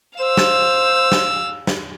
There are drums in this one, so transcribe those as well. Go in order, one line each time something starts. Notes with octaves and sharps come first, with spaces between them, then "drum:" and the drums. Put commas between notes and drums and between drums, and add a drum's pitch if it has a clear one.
C5 F5 E6
drum: snare
drum: snare
drum: snare